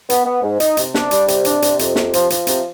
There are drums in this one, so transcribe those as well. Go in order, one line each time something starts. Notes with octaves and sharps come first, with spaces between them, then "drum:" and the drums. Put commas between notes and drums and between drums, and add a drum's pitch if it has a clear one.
B3, drum: hi-hat
B3
G#2
D#4, drum: hi-hat
C3, drum: hi-hat
D4, drum: snare
G3, drum: hi-hat
C3, drum: hi-hat
D4, drum: hi-hat
C3, drum: hi-hat
F2, drum: hi-hat
C3, drum: snare
F3, drum: hi-hat
F3, drum: hi-hat
C3, drum: hi-hat